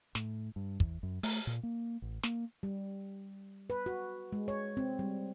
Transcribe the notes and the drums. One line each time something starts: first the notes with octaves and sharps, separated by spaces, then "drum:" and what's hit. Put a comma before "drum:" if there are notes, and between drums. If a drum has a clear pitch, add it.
A2, drum: snare
G2
E2, drum: kick
F#2
A3, drum: open hi-hat
A#2
A#3
A1
A#3, drum: snare
G3
B4
F#4
G#3
C#5
C4
G3